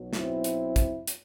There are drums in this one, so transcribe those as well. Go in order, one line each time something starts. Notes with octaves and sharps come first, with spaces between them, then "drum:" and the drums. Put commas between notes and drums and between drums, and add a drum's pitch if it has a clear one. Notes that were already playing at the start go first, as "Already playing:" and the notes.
Already playing: B1 B2 F#3
C4 E4, drum: snare
drum: hi-hat
drum: kick, hi-hat
drum: hi-hat